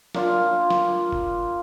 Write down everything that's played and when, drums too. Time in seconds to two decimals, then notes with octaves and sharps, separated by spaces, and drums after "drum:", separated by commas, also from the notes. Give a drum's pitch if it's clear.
0.15 A#3 D4 F4, drum: snare
0.70 drum: snare
1.12 drum: kick